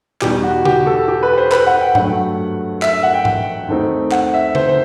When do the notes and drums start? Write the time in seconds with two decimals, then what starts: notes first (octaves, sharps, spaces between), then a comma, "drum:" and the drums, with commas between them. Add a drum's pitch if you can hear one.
0.21 E2 B2 G3 D#4 G4, drum: clap
0.43 F#4
0.65 G4, drum: tom C#3
0.87 A4
1.08 G4
1.23 B4
1.33 B4
1.38 C5
1.52 B4, drum: clap
1.67 F#5
1.81 G5
1.95 G2 F#3 A3 F#5, drum: tom G#2
2.82 E5, drum: clap
2.93 E5
3.03 F#5
3.14 G5
3.25 drum: tom G#2
3.68 D#2 D#3 A3 C4 D#4
4.12 F#5, drum: clap
4.34 E5
4.55 C5, drum: tom C#3
4.69 C5